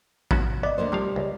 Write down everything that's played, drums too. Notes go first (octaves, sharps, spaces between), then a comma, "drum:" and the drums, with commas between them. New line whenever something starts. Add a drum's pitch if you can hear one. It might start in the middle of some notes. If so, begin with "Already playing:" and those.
B3 C#4 F#4, drum: kick A1
B3 D5 D#5
D2 A#3 C5
C3 F3 G3 F5
C#2